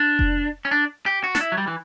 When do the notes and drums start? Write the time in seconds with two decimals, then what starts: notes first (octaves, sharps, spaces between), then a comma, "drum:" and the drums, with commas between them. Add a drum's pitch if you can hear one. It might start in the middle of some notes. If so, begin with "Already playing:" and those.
Already playing: D4
0.19 drum: kick F1
0.65 C#4
0.71 D4
1.06 G4
1.24 F#4
1.35 D4, drum: snare
1.41 E4
1.52 F#3
1.58 G3
1.67 E3